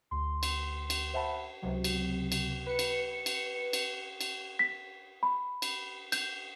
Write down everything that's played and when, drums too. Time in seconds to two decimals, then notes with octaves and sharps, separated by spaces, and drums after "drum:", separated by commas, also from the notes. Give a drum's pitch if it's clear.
0.11 D2 C6
0.43 drum: cymbal
0.90 drum: cymbal
1.14 C5 E5 F#5 A5 B5
1.62 C#2 C3 F#3
1.84 drum: cymbal
2.32 drum: cymbal
2.66 B4 C#7
2.79 drum: cymbal
3.26 drum: cymbal
3.73 drum: cymbal
4.21 drum: cymbal
4.59 B6
5.23 B5
5.62 drum: cymbal
6.12 G6, drum: cymbal